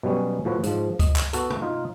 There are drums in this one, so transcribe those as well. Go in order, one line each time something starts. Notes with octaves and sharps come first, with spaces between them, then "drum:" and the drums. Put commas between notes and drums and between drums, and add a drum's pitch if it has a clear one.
B2 F#3 G3 B3 C#4
A2 F3 F#4 B4
G#2 F3, drum: hi-hat
D#5, drum: kick C#2, hi-hat
drum: clap
B3 F#4 A4, drum: hi-hat
drum: tom
D#4 F4